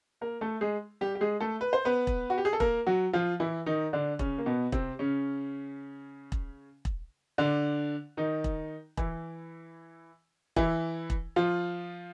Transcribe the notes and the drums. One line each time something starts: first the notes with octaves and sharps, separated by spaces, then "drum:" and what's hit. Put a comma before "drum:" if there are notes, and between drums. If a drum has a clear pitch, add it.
A#3 A#4
A3 A4
G#3 G#4
G3 G4
G4
G#3 G#4
A3 A4
B4
C5
B3 B4
drum: kick E1
F#4
G4
G#4
A4
A#3 A#4, drum: kick E1
F#3 F#4
F3 F4
E3 E4
D#3 D#4
D3 D4
C#3 C#4, drum: kick E1
A#3
B2 B3
C3 C4, drum: kick E1
C#3 C#4
drum: kick E1
drum: kick E1
D3 D4
D#3 D#4
drum: kick E1
E3 E4, drum: kick E1
E3 E4, drum: kick E1
drum: kick E1
F3 F4